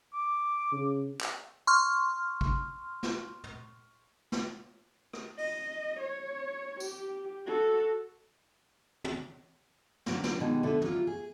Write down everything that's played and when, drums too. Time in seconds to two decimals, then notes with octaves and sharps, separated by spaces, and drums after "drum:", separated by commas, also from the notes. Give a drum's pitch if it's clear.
0.14 D6
0.72 C#3
1.21 drum: clap
1.67 C6 C#6 F6
2.41 drum: kick
3.03 drum: snare
3.44 drum: tom
4.32 drum: snare
5.13 drum: rim click
5.38 D#5, drum: open hi-hat
5.99 C#5
6.80 G4, drum: tambourine
7.46 F#4 A4
9.04 drum: tom
10.06 D3 F#3 C#4, drum: snare
10.23 drum: snare
10.40 B2 D#3 G#3 D#4 F#4 G4
10.63 D3 B3 E4 A4
10.81 F#3 G3 E4 F4, drum: tom
11.07 G#4